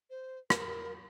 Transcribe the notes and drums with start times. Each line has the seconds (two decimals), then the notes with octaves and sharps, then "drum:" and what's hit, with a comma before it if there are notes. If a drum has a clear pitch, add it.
0.10 C5
0.50 A#4, drum: rim click